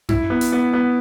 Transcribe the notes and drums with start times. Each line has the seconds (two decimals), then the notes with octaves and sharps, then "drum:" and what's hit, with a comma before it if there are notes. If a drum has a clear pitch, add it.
0.09 E4, drum: tom F#2
0.30 B3
0.41 drum: hi-hat
0.52 B3
0.73 B3